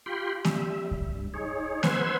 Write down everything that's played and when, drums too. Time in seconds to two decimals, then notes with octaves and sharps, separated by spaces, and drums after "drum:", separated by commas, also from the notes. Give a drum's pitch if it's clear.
0.06 F4 G4 G5 B5 C6
0.45 G3 E5, drum: snare A#3
0.91 drum: kick C2
1.16 G2
1.34 D#4 G#4 C#5
1.83 B4 C5 F#5 C6 E6 G#6, drum: snare A#3